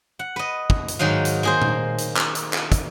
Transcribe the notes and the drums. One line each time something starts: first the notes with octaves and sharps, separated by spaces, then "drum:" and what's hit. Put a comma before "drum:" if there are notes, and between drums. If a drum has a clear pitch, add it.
F#5
B4 D#5
drum: kick
drum: hi-hat
G#2 D#3 F#3 D#4 F5
drum: hi-hat
A#3 G#4 C5
drum: tom A#2
drum: hi-hat
drum: clap
drum: hi-hat
drum: clap
drum: kick, hi-hat